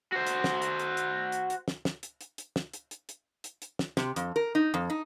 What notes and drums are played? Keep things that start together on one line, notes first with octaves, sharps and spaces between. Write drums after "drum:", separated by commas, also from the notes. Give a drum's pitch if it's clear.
F#4 C5
drum: hi-hat
drum: snare
drum: hi-hat
drum: hi-hat
drum: hi-hat
drum: hi-hat
drum: hi-hat
drum: snare
drum: snare
drum: hi-hat
drum: hi-hat
drum: hi-hat
drum: snare
drum: hi-hat
drum: hi-hat
drum: hi-hat
drum: hi-hat
drum: hi-hat
drum: snare
C3, drum: snare
F2, drum: hi-hat
A#4
D#4
F2
D#4